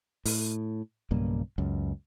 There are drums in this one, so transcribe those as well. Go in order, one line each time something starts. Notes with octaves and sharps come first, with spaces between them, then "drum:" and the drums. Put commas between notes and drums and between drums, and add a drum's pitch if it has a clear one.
A2, drum: open hi-hat
B1 G2 C#3 A#3
C#2 F#2